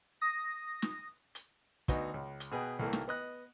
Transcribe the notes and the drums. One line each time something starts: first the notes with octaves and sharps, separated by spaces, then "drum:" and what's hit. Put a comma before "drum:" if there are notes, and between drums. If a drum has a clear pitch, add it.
D#6 A#6
drum: snare
drum: hi-hat
D2 B3 D#4 F#4, drum: kick, hi-hat
C#2
drum: hi-hat
B2 G#4 B4 G5
C2 E3 A3 A#3
drum: snare
B3 D#5 F#6